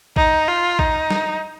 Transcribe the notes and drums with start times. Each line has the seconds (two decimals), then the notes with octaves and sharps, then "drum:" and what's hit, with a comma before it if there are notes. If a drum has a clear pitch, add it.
0.16 D#4, drum: kick A1
0.48 F4
0.79 D#4, drum: kick A1
1.10 drum: snare